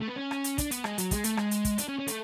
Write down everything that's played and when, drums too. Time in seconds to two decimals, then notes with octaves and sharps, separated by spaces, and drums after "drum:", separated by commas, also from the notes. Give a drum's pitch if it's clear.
0.02 A3
0.09 B3
0.18 C#4
0.31 drum: rim click
0.44 drum: hi-hat
0.58 D4, drum: kick, hi-hat
0.71 B3, drum: hi-hat
0.84 G#3, drum: rim click
0.98 F#3, drum: hi-hat
1.11 G#3, drum: kick, hi-hat
1.24 A3, drum: hi-hat
1.37 G#3, drum: rim click
1.51 drum: hi-hat
1.65 drum: kick, hi-hat
1.78 D4, drum: hi-hat
1.88 C#4
1.99 C#4
2.08 A3, drum: hi-hat